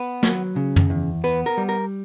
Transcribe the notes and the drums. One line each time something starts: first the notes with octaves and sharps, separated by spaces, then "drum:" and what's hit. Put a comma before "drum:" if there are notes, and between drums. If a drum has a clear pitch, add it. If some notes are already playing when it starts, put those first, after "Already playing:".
Already playing: B3 B4
F#3, drum: snare
C#3
drum: tom
E2
B3 B4
A#4
G3
A#4